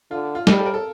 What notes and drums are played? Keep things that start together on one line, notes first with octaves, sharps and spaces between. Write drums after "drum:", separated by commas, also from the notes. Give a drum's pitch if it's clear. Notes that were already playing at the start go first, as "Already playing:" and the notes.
D3 F4
F4
G3, drum: snare
A4
A#4
A4